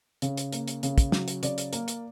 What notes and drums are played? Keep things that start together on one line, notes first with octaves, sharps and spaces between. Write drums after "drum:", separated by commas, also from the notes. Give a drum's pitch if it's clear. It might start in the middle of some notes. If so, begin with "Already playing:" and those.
C#3, drum: hi-hat
drum: hi-hat
A#3, drum: hi-hat
drum: hi-hat
C#3, drum: hi-hat
drum: kick, hi-hat
F#3, drum: snare
drum: hi-hat
C#3 D5, drum: hi-hat
drum: hi-hat
A#3, drum: hi-hat
drum: hi-hat